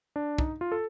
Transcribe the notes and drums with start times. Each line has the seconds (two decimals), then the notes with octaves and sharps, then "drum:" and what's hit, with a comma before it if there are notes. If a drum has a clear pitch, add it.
0.16 D4
0.38 D#4, drum: kick
0.61 F4
0.72 A4